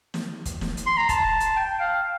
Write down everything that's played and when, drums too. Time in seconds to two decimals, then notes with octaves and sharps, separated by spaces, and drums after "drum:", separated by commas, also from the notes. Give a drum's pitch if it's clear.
0.14 drum: snare
0.45 drum: kick, hi-hat
0.61 drum: snare
0.77 drum: hi-hat
0.86 C6
0.97 A#5
1.09 A5, drum: kick, hi-hat
1.40 drum: hi-hat
1.56 G5
1.80 F5